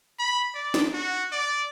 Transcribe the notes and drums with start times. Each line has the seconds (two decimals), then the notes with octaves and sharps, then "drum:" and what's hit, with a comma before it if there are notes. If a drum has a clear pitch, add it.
0.19 B5
0.54 D5
0.74 drum: snare
0.93 F#4
1.32 D5